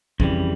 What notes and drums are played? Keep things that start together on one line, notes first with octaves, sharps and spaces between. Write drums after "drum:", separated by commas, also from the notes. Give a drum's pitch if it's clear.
F2 C#3 E3 G3, drum: kick